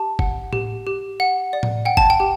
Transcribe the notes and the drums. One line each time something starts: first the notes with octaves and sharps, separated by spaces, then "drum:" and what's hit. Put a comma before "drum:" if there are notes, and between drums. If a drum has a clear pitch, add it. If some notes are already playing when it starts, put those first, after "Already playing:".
Already playing: G4 A5
F#5, drum: kick
G4, drum: tom A2
G4
F#5
D5
drum: tom A2
F#5 G5
A5, drum: kick
G5
G4